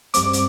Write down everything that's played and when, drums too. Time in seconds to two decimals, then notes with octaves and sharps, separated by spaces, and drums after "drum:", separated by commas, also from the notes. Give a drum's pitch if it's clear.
0.14 G2 G3 C4 D6, drum: hi-hat
0.33 drum: hi-hat